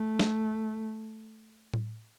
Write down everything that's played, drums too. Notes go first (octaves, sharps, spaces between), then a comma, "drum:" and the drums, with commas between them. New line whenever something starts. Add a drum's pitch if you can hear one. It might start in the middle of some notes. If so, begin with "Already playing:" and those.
Already playing: A3
drum: snare
drum: tom A2